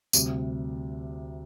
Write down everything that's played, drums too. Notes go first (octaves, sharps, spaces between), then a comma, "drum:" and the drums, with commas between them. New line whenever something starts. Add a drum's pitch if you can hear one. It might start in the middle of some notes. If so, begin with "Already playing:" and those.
D2 C3 G3, drum: tambourine